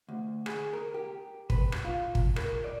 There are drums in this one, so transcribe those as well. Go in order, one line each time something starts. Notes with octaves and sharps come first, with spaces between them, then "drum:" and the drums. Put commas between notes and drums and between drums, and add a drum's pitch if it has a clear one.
D2
G#4, drum: rim click
A#4
G4
B4, drum: kick
drum: rim click
F4
drum: kick
A#4, drum: rim click
D5